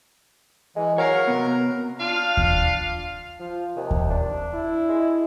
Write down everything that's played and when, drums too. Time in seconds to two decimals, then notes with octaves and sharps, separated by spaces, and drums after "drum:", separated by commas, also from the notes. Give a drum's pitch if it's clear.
0.76 E3 G#3
0.98 F#3 A#4 C#5 F5 A#5
1.27 C3 B3
1.99 D4 F4 F5
2.37 drum: kick D#2
3.40 F3
3.76 D#2 C3
3.91 drum: kick D#2
4.10 D4
4.54 E4
4.89 G#3